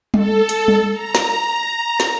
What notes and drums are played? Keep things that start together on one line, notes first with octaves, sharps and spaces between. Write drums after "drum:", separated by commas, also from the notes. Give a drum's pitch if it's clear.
A4, drum: tom G3
drum: hi-hat
drum: tom G3
A#5
drum: snare
drum: snare